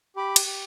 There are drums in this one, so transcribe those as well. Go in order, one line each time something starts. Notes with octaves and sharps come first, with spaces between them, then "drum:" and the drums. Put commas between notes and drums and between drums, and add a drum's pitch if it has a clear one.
G4 B5 D6
drum: cymbal
G4